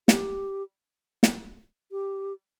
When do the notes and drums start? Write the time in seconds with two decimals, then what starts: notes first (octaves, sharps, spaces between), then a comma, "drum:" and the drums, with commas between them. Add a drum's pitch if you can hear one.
0.08 G4, drum: snare
1.23 drum: snare
1.92 G4